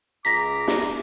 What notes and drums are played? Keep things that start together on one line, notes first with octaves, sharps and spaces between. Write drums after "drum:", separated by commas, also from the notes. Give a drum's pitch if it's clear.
C#2 A#5 D6 A#6 B6
drum: snare